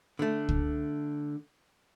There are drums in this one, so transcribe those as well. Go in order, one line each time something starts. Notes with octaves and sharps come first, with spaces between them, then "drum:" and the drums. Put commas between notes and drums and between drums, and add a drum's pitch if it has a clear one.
D3 A3
drum: kick